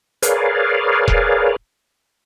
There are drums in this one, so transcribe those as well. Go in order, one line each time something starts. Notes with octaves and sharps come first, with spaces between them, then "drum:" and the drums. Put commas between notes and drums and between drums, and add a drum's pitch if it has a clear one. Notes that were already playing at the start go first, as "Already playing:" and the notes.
G#4 A#4 B4 C#5 D5 F5, drum: hi-hat
drum: kick E1